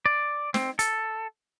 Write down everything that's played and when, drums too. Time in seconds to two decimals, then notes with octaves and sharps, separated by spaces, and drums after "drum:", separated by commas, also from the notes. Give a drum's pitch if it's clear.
0.06 D5
0.54 C4, drum: snare
0.79 A4, drum: hi-hat